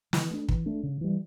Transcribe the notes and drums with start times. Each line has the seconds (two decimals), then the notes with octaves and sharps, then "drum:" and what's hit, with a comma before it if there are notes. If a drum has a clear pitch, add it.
0.13 E3, drum: snare
0.31 A3 D4
0.49 E3, drum: kick
0.66 A3 D4
0.83 C#3
1.01 E3 G3